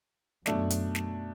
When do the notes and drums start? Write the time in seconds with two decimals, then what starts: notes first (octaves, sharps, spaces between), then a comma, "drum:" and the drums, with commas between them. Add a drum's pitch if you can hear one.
0.46 F#2 B2 A3 D4, drum: snare
0.70 drum: hi-hat
0.95 drum: snare